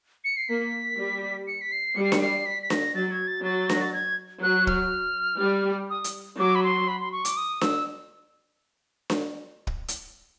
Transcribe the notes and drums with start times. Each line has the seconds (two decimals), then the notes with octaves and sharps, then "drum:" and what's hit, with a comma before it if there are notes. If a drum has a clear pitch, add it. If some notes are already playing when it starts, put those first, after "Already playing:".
0.24 C#7
0.37 C7
0.49 A#3 B6
0.98 G3
1.47 C#7
1.61 B6
1.72 C7
1.96 G3 C#7
2.04 C7
2.12 C#7, drum: snare D4
2.21 C7
2.46 B6
2.63 B6
2.70 A#6, drum: snare D4
2.95 F#3 A6
3.11 G#6
3.28 A6
3.44 F#3 A6
3.69 A#6, drum: snare D4
3.82 A6
3.93 G#6
4.42 F#3 F#6
4.67 F6, drum: kick
5.40 G3
5.90 D#6
6.04 drum: hi-hat
6.39 F#3 D6
6.55 B5
6.64 C6
6.88 B5
7.01 C6
7.12 C#6
7.25 D6, drum: hi-hat
7.37 D#6
7.61 E6, drum: snare D4
9.10 drum: snare D4
9.67 drum: kick
9.88 drum: hi-hat